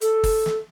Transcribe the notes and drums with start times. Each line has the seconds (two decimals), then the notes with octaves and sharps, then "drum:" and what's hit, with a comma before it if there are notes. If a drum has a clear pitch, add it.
0.01 A4, drum: hi-hat
0.24 drum: kick, open hi-hat
0.46 drum: snare